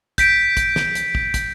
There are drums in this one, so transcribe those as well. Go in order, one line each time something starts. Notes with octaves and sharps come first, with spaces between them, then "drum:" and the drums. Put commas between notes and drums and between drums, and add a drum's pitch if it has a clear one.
G6 B6 D7, drum: kick, hi-hat
drum: kick, hi-hat
drum: snare
drum: hi-hat
drum: kick
drum: kick, hi-hat